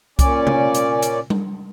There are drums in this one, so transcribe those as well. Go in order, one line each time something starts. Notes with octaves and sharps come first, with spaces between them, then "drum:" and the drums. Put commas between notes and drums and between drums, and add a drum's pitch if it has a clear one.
A#2 C#4 D5, drum: kick C2, hi-hat
drum: tom C3
drum: hi-hat
drum: hi-hat
drum: tom G3